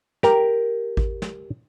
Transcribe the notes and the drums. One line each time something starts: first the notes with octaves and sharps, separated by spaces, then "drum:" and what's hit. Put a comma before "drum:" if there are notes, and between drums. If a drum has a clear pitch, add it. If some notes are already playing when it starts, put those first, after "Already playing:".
G4 A#4, drum: snare
drum: kick G#1
drum: snare